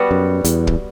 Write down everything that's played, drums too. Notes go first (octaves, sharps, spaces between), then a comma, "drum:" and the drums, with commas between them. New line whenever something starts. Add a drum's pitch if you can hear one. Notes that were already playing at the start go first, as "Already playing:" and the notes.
Already playing: G3 B3 F#4
F#2
E2, drum: hi-hat
drum: kick